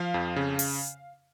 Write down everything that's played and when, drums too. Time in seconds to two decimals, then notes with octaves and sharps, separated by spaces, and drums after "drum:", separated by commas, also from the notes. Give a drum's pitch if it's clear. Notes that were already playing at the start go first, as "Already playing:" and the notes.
Already playing: F3 F5
0.14 F2
0.36 C#3
0.59 drum: open hi-hat